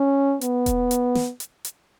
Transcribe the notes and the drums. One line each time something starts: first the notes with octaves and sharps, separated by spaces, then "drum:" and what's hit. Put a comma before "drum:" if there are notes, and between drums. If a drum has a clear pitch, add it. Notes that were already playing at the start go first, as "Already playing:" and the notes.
Already playing: C#4
B3, drum: hi-hat
drum: kick E1, hi-hat
drum: hi-hat
drum: snare
drum: hi-hat
drum: hi-hat